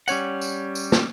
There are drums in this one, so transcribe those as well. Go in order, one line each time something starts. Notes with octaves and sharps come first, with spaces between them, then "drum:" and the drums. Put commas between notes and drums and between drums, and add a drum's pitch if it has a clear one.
G3 C#4 C#5 F#5, drum: tambourine
drum: tambourine
drum: tambourine
drum: snare